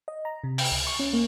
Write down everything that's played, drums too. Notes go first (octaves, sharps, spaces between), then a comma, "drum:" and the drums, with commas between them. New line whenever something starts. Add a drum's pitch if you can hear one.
D#5
A#5
C3
G5, drum: open hi-hat
C#2
C#6
C#4
A#3